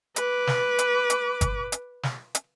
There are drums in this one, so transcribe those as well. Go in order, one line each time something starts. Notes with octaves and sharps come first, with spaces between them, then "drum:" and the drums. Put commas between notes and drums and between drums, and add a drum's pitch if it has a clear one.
B4 D6, drum: hi-hat
drum: snare
drum: hi-hat
drum: hi-hat
drum: kick G1, hi-hat
drum: hi-hat
drum: snare
drum: hi-hat